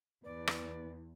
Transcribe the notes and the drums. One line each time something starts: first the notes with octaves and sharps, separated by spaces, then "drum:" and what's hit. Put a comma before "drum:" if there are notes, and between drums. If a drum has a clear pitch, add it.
E2 B4 D5
drum: rim click